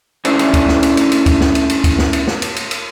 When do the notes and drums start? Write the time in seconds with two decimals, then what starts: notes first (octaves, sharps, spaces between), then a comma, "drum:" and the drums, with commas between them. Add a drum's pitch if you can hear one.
0.25 A3 C#4 D4 E4 C5, drum: cymbal
0.39 drum: cymbal
0.54 drum: kick C#2, cymbal
0.68 drum: snare
0.83 drum: cymbal
0.97 drum: cymbal
1.12 drum: cymbal
1.26 drum: kick C#2, cymbal
1.41 drum: snare
1.55 drum: cymbal
1.69 drum: cymbal
1.84 drum: kick C#2, cymbal
1.98 drum: snare
2.13 drum: cymbal
2.27 drum: snare
2.42 drum: cymbal
2.56 drum: cymbal
2.71 drum: cymbal